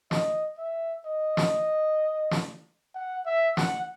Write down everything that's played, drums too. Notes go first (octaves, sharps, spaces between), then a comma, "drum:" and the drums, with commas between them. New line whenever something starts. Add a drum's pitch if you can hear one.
D#5, drum: snare
E5
D#5
drum: snare
drum: snare
F#5
E5
F#5, drum: snare